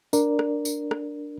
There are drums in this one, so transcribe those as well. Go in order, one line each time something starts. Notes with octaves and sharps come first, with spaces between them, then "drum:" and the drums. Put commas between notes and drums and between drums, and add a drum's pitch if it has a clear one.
D4 A#4 D5, drum: tambourine
drum: rim click
drum: tambourine
drum: rim click